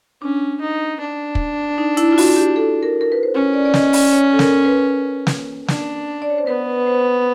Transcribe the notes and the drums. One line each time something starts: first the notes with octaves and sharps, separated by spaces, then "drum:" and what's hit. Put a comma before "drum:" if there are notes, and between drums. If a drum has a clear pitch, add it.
C#4 D4
D#4
D4
drum: kick
D#4
E4, drum: hi-hat
F4
F#4, drum: open hi-hat
G4
A4
A#4
A#4
B4
C5
C#4 C#5
D5
D5
D#5, drum: snare
D5, drum: open hi-hat
C#5
A4
A#4, drum: snare
B4
drum: snare
D4, drum: snare
D5
C#5
C5
B3 B4
C5